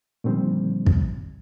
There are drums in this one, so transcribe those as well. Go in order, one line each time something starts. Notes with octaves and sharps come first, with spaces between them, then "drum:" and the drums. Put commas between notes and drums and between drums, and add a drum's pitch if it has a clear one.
A#2 D3 D#3 F3 G3 C4
drum: kick